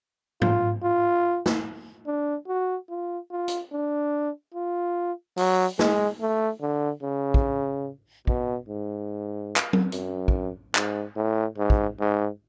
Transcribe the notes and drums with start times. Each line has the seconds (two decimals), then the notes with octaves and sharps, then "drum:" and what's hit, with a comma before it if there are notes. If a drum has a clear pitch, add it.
0.42 F4, drum: tom G#2
0.83 F4
1.46 drum: snare
2.07 D4
2.48 F#4
2.90 F4
3.31 F4
3.48 drum: hi-hat
3.72 D4
4.54 F4
5.37 F#3, drum: open hi-hat
5.79 G#3, drum: snare
6.21 A3
6.61 D3
7.03 C#3
7.34 drum: kick
8.27 B2, drum: kick
8.69 G#2
9.56 drum: clap
9.73 drum: tom F#3
9.92 F#2, drum: hi-hat
10.28 drum: kick
10.75 G#2, drum: clap
11.16 A2
11.58 G#2
11.70 drum: kick
12.00 G#2